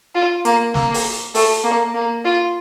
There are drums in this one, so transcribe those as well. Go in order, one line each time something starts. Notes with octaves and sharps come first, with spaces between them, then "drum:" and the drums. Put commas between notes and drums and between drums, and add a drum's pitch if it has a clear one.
F4
A#3, drum: hi-hat
A#3, drum: snare
drum: open hi-hat
A3, drum: open hi-hat
A#3
A#3
F4